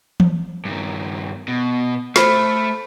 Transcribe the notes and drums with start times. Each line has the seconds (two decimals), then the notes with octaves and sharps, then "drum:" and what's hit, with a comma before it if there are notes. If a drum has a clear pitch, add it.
0.20 drum: tom E3
0.65 G2 D#3
1.48 B2
2.16 A3 C5 B5 F6, drum: snare